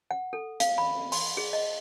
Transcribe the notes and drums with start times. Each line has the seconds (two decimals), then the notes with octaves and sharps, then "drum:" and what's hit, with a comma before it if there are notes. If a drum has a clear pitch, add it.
0.11 F#5
0.33 A4
0.60 F5, drum: hi-hat
0.78 B5
1.12 C6, drum: open hi-hat
1.37 G#4
1.53 D#5